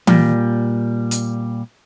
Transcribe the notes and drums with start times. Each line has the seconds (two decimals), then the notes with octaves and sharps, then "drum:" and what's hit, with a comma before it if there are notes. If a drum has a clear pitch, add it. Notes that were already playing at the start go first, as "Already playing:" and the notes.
0.07 A#2 G3, drum: tom E3
1.11 drum: hi-hat